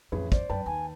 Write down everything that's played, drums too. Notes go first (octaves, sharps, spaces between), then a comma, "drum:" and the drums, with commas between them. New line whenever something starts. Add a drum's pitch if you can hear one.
A1 F2 G#4 B4
C5 D5, drum: kick
F#2 D4 B4 G5 A5
D#2 G#5